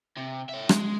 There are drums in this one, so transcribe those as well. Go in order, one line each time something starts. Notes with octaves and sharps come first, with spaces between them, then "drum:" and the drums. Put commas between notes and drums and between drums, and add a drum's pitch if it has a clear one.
C3
C#5 E5
G#3, drum: rim click